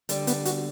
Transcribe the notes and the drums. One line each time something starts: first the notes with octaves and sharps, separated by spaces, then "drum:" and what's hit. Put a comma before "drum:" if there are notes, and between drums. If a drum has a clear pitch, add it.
D3 G3 D4, drum: hi-hat
B3, drum: hi-hat
F#4, drum: hi-hat